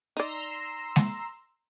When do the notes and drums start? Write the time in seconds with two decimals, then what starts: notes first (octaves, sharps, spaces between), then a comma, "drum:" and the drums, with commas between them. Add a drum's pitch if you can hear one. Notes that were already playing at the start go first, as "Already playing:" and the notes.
0.17 D#4 D5 A#5 C6 E6
0.96 drum: snare G#3